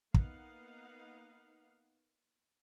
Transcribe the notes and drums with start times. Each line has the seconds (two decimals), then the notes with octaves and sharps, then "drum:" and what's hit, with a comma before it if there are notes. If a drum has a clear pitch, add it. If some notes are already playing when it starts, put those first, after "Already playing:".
0.14 A#3 B3 D#4 F5 F#5, drum: kick